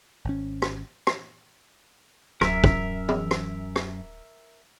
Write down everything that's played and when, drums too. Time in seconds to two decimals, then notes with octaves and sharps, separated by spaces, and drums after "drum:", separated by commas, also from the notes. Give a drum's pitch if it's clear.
0.25 G#1 C#4
0.62 drum: rim click
1.07 drum: rim click
2.41 D1 F#2 A#4 E5, drum: rim click
2.64 drum: kick
3.08 drum: tom
3.31 drum: rim click
3.76 drum: rim click